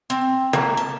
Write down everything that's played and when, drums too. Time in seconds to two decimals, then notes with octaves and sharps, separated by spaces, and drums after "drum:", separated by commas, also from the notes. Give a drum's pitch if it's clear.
0.10 C4
0.53 A#3, drum: snare
0.77 A5